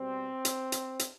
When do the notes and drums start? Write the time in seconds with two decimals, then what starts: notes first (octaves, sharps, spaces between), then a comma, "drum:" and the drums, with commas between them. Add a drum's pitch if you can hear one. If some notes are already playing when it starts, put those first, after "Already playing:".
Already playing: B2 G3 C4
0.45 drum: hi-hat
0.72 drum: hi-hat
0.99 drum: hi-hat